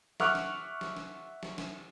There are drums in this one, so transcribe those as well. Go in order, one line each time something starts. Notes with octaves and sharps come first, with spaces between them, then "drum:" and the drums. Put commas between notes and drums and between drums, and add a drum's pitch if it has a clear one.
E5 F#5 C#6 D6 F6 F#6, drum: snare
drum: snare
drum: snare
drum: snare
drum: snare
drum: snare